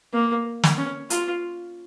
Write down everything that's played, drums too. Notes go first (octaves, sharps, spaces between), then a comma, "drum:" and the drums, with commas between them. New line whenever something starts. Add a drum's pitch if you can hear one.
A#3
drum: snare
C#4
F4, drum: hi-hat